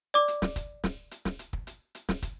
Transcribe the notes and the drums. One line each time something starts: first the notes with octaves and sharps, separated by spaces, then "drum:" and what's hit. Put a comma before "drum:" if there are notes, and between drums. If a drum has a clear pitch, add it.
D5 D6
drum: hi-hat
drum: snare
drum: kick, hi-hat
drum: snare
drum: hi-hat
drum: snare
drum: hi-hat
drum: kick
drum: hi-hat
drum: hi-hat
drum: snare
drum: kick, hi-hat